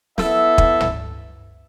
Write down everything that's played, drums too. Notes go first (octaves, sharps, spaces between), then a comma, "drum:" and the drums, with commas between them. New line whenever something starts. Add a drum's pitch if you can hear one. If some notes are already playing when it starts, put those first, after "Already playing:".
B3 E4 A4 E5, drum: snare
drum: kick
drum: tom